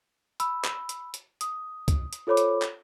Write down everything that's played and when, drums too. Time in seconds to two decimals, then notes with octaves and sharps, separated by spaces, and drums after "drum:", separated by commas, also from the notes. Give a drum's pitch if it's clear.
0.40 B5 E6, drum: hi-hat
0.64 drum: clap
0.89 drum: hi-hat
1.14 drum: hi-hat
1.41 D#6, drum: hi-hat
1.88 drum: kick C#2, hi-hat
2.13 drum: hi-hat
2.27 F4 A4 C5 C#5 B5 D6
2.37 drum: hi-hat
2.62 drum: clap